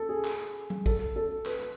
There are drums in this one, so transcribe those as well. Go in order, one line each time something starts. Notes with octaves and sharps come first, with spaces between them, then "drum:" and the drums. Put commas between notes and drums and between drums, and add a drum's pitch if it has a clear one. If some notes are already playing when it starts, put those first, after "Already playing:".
Already playing: A4
G#4
drum: clap
drum: tom F#3
A4, drum: kick
A4
B4, drum: clap